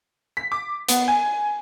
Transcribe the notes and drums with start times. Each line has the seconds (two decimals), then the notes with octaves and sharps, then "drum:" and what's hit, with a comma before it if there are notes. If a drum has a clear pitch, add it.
0.37 B6
0.52 D6
0.89 B3, drum: hi-hat
1.08 G#5